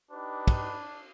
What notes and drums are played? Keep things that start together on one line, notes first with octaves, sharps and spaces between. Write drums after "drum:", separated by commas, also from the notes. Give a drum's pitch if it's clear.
D4 D#4 G4 B4
drum: kick, cymbal